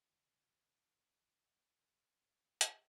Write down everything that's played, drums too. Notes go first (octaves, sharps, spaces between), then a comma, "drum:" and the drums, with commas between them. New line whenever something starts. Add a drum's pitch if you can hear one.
A1 C#3 E3
drum: hi-hat